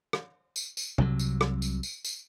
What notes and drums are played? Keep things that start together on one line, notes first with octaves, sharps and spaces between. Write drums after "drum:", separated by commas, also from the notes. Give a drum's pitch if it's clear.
drum: rim click
drum: tambourine
drum: tambourine
C2 C3 F#3, drum: tom
drum: tambourine
drum: rim click
drum: tambourine
drum: tambourine
drum: tambourine